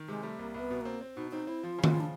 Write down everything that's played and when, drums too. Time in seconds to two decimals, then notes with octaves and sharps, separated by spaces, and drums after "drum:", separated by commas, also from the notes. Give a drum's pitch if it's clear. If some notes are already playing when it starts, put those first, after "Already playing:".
Already playing: D#3
0.08 C3 G#3
0.23 G3 A3
0.39 C2 A#3
0.54 C2
0.59 B3
0.70 B2
0.81 A#3 C4
1.01 C4
1.16 B2 D#4
1.31 C4 D#4
1.47 C4 E4
1.63 F3 F4
1.79 C#3
1.84 F4, drum: tom D#3
1.94 F3
2.00 D4